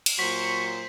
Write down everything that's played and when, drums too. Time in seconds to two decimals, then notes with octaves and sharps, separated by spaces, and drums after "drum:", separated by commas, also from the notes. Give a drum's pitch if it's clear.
0.06 drum: cymbal
0.19 A#2 F#3 C5 C#6 B6